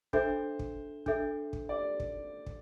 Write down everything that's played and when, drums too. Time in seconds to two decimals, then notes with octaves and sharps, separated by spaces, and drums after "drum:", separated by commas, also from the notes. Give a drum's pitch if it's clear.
0.13 D4 A4 C5 E5, drum: kick
0.59 drum: kick
1.06 D4 A4 E5, drum: kick
1.53 drum: kick
1.69 D5
2.00 drum: kick
2.46 drum: kick